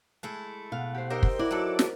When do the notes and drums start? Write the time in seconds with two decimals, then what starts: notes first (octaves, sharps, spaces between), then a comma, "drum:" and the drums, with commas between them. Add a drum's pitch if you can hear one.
0.23 G#3 A3 E4
0.72 B2 F5 F#5
0.94 G4 C5
1.10 D#4 G4 A#4 C5 E5
1.23 drum: kick
1.39 E4 F#4 D5 D6
1.51 F#3 A4 F#6
1.79 drum: snare